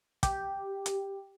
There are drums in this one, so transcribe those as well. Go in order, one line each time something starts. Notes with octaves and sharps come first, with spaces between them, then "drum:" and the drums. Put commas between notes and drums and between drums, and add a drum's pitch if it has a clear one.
G4, drum: kick, hi-hat
drum: hi-hat